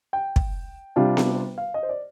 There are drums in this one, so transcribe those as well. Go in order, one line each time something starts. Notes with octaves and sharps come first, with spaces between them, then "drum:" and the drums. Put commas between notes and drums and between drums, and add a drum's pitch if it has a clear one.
G5
drum: kick
C3 G3 D4 F4
drum: snare B3
F5
D#5
C5
D5